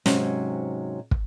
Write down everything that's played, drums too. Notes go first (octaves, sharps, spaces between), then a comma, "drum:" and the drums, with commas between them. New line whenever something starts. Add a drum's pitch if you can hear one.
G#2 C3 F#3 C#4, drum: snare
drum: kick